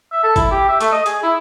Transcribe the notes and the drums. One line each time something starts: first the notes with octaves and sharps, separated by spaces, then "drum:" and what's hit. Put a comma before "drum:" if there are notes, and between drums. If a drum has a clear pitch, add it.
E5
A4
E4, drum: kick, hi-hat
G4
E5
A3, drum: hi-hat
D#5
G#4, drum: hi-hat
E4